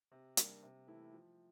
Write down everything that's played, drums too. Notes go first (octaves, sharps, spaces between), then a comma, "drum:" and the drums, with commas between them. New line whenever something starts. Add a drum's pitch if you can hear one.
C3
G3 A#3 D4, drum: hi-hat
C3
E3 A3 E4
F3